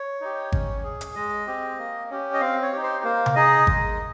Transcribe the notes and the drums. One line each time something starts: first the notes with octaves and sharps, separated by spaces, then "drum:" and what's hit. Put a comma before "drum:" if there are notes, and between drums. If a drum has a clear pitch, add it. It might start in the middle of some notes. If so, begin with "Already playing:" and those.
Already playing: C#5
D#4 G4
C#4, drum: kick G#1
G#4
drum: hi-hat
G#3 D#5
C4 G4
A#3
C#4 G4
D#5
C4 F5
C#5
D#4 G4
C5
A#3 C5
drum: tom C3
D#4 G#4 D#5
G#3, drum: kick G#1